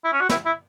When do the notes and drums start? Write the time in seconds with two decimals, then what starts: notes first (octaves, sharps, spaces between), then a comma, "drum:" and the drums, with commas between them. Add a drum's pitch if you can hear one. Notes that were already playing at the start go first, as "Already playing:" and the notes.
0.04 E4
0.13 C#4
0.21 F#4
0.29 E4, drum: snare
0.46 E4